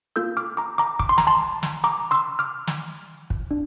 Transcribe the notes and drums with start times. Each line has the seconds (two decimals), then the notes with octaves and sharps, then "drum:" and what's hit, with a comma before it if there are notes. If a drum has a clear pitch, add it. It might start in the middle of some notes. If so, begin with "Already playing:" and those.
0.16 A#3 F4 A4 E6 G6
0.37 D6 F6
0.57 A#5 D6
0.78 A#5 D6
0.99 D6, drum: kick
1.09 C6
1.18 A#5, drum: snare
1.27 A5 C6
1.63 drum: snare
1.84 A#5 D6
2.11 C6 E6
2.39 D6 F6
2.67 drum: snare
3.30 drum: kick
3.51 D4